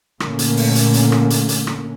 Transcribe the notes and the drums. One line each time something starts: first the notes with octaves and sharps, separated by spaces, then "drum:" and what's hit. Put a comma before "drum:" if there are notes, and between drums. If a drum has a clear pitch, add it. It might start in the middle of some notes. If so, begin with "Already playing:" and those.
A#2 D3 A3 A#3 C#4, drum: rim click
drum: hi-hat
drum: open hi-hat
drum: hi-hat
drum: hi-hat
drum: rim click
drum: hi-hat
drum: hi-hat
drum: rim click